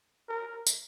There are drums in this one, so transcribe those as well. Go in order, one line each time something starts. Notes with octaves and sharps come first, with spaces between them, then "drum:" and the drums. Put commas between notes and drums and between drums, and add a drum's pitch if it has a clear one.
A#4
drum: tambourine